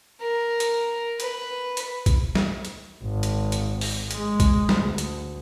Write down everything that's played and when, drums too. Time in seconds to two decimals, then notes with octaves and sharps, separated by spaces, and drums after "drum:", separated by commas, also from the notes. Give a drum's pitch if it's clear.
0.21 A#4
0.60 drum: hi-hat
1.20 B4, drum: hi-hat
1.77 drum: hi-hat
2.06 drum: kick, hi-hat
2.35 drum: snare
2.65 drum: hi-hat
3.02 G#1
3.23 drum: hi-hat
3.52 drum: hi-hat
3.81 drum: open hi-hat
4.11 G#3, drum: hi-hat
4.40 drum: kick, hi-hat
4.69 drum: snare
4.81 D2
4.98 drum: hi-hat